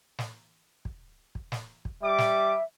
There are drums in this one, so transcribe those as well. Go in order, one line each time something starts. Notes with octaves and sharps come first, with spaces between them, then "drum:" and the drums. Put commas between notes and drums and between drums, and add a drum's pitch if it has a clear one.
drum: snare
drum: kick
drum: kick
drum: snare
drum: kick
G3 E5 D6
drum: snare